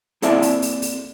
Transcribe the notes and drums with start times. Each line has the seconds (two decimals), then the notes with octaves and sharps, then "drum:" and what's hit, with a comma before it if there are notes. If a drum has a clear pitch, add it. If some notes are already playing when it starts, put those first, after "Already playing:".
0.22 A#3 C4 E4 A4 D5 E5, drum: hi-hat
0.42 drum: open hi-hat
0.62 drum: open hi-hat
0.82 drum: open hi-hat